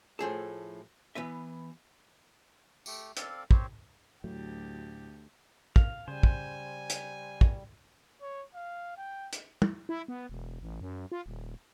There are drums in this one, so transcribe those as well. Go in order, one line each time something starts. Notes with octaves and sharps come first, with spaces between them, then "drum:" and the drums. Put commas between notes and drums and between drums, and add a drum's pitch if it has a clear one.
A2 F3 G#4 A4
E3 B3 B4 E5
A3 G4, drum: tambourine
C4 A4 D5 F5, drum: hi-hat
C4 G4 C5 C#5, drum: kick
D2 A2 F#3 A3 G4
F5, drum: kick
C#3 G3 C5 G#5
drum: kick
drum: hi-hat
drum: kick
C#5
F5
G5
drum: hi-hat
drum: tom
E4
B3
E1
A1
F#2
F4
D#1